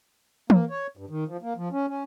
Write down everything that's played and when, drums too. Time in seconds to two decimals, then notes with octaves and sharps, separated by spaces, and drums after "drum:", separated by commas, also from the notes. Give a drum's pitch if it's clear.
0.50 A#3, drum: tom E3
0.70 C#5
0.97 G2
1.10 D#3
1.28 F3
1.42 A#3
1.57 F3
1.72 C#4
1.88 C#4